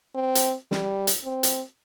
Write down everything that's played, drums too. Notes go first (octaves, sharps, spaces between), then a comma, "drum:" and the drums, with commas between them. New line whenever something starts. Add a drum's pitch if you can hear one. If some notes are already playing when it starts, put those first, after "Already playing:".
C4
drum: hi-hat
G3, drum: snare
drum: hi-hat
C4
drum: hi-hat